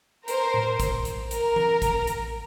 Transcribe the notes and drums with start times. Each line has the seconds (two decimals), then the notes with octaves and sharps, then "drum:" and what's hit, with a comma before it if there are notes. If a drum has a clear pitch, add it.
0.28 A#4 C5, drum: hi-hat
0.54 drum: tom A2
0.80 drum: kick, hi-hat
1.05 drum: hi-hat
1.31 A#4, drum: hi-hat
1.56 drum: tom E3
1.82 drum: kick, hi-hat
2.07 drum: hi-hat